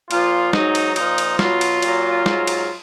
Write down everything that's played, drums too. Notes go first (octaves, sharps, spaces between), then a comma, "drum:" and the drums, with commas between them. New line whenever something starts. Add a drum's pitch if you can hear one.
A#2 F3 F4, drum: cymbal
G#2 F#3 D#4, drum: snare
drum: cymbal
A#2 F3 D#4, drum: cymbal
drum: cymbal
B2 F#3 F4, drum: snare
drum: cymbal
A#2 F#3, drum: cymbal
G#2 F#3, drum: snare
drum: cymbal